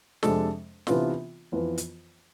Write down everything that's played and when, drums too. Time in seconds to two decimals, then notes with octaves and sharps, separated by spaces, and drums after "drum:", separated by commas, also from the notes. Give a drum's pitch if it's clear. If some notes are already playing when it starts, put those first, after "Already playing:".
0.23 F2 C3 G#3 D4 A4, drum: snare
0.87 C3 E3 B3 D4 F4, drum: snare
1.52 F2 E3 B3 F4 B4
1.78 drum: hi-hat